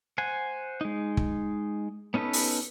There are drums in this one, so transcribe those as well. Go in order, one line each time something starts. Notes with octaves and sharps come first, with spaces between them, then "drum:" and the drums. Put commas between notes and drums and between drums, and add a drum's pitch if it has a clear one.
C5 F#5 G#5
G#3 D#4
drum: kick
B3 C#4 D#4 A4 B4
drum: open hi-hat